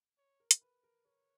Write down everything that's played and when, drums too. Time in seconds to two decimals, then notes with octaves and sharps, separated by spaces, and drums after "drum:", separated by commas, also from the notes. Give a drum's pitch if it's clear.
0.18 C#5
0.40 A#4
0.51 drum: hi-hat
0.62 B4
0.83 A#4
1.05 A#4 C#5